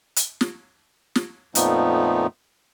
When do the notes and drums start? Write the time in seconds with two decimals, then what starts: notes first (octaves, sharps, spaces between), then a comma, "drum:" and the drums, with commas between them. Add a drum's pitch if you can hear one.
0.16 drum: hi-hat
0.41 drum: snare
1.15 drum: snare
1.55 F2 A#2 F3 A3 B3 D#4, drum: hi-hat